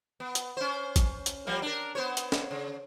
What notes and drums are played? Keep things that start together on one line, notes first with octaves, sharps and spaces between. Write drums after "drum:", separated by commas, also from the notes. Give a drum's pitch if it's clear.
B3
drum: hi-hat
C#4 C5
drum: kick A1, hi-hat
drum: hi-hat
F3 G3 A#3
D4 A#4
B3 C5 C#5
drum: hi-hat
drum: snare
C#3